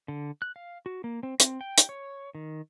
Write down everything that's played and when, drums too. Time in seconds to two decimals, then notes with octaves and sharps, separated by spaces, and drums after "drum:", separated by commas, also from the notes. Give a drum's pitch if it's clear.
0.08 D3
0.42 F#6
0.56 F5
0.86 F#4
1.04 A#3
1.23 C4
1.40 C4, drum: hi-hat
1.61 G5
1.78 drum: hi-hat
1.89 C#5
2.35 D#3